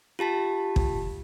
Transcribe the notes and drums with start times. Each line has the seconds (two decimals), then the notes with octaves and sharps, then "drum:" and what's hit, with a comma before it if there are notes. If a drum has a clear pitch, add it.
0.19 F4 G4 A5 B6
0.76 drum: kick